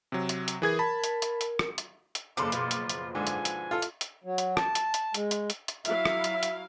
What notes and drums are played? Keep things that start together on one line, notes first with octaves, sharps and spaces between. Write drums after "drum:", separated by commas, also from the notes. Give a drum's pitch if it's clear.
C3 F#3
drum: hi-hat
drum: hi-hat
E3 G#4 A#4 G#6
A5 B5
drum: hi-hat
drum: hi-hat
drum: hi-hat
drum: rim click
drum: hi-hat
drum: hi-hat
F#1 C#3 F3 D4 A4 C6 D6
B2 F3 F4, drum: hi-hat
drum: hi-hat
drum: hi-hat
G#2 D3 G#5
drum: hi-hat
drum: hi-hat
F4 A4
drum: hi-hat
drum: hi-hat
F#3
drum: hi-hat
A5, drum: rim click
drum: hi-hat
drum: hi-hat
G#3, drum: hi-hat
drum: hi-hat
drum: hi-hat
drum: hi-hat
F#3 E4 E5 F5, drum: hi-hat
drum: rim click
drum: hi-hat
drum: hi-hat